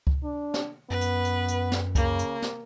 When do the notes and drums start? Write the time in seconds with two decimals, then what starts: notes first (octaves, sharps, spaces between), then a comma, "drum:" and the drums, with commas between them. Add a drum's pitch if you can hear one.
0.07 drum: kick C#2
0.24 D4
0.54 drum: snare
0.90 F#2 B3 B4
1.01 drum: hi-hat
1.25 drum: hi-hat
1.48 drum: hi-hat
1.72 drum: snare
1.95 C#3 A#3, drum: kick C#2, hi-hat
2.19 drum: hi-hat
2.42 drum: snare